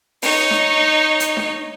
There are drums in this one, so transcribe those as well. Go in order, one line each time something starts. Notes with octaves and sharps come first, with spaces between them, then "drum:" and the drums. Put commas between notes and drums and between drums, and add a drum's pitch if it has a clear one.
D#4 C#5, drum: open hi-hat
drum: snare D4
drum: hi-hat
drum: snare D4